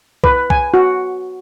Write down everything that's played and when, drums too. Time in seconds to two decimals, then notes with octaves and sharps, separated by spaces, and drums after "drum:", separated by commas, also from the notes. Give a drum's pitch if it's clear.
0.24 B4, drum: kick
0.50 G#5, drum: kick
0.74 F#4